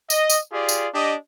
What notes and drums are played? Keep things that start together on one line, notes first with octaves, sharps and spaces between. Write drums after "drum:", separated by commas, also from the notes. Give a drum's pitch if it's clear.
D#5, drum: tambourine
drum: tambourine
F4 G4 G#4 D5
drum: tambourine
D4 G4 D#5